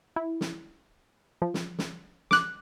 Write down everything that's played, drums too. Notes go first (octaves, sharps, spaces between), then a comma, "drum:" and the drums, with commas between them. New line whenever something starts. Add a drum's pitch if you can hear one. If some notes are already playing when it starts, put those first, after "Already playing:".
E4
drum: snare
F3
drum: snare
drum: snare
D6 F#6, drum: snare